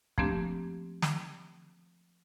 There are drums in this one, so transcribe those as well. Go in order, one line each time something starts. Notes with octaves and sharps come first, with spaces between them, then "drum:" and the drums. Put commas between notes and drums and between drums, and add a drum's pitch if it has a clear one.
F3 A3 A#3 C4 D4 G4, drum: kick
drum: snare